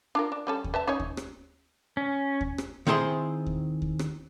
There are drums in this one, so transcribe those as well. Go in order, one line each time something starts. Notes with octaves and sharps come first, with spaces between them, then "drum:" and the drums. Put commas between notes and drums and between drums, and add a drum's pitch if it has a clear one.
D4 F4 A#4
D4
G3 C#4 A4
drum: kick D#2
B4 E5 A5
C#4 D#4 C#5
drum: kick D#2
drum: rim click
C#4
drum: kick D#2
drum: rim click
D#3 C4 E4 G#4 C6
drum: kick D#2
drum: kick D#2
drum: rim click